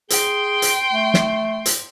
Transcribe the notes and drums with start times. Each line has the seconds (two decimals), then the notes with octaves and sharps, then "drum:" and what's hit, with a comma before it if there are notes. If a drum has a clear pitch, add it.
0.10 G#4 G5 C6, drum: hi-hat
0.62 drum: hi-hat
0.93 A3
1.14 drum: snare
1.66 drum: hi-hat